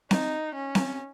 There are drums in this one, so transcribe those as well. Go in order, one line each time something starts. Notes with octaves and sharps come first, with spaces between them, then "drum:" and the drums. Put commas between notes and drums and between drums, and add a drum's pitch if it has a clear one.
D#4, drum: snare C4
C#4
drum: snare C4